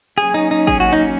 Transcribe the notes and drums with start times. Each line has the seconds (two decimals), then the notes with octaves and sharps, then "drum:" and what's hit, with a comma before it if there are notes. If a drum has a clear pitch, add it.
0.18 F#3 A#3 C#4 G#4
0.34 D#4
0.51 D#4
0.67 G#4, drum: kick
0.80 F#4
0.93 D#4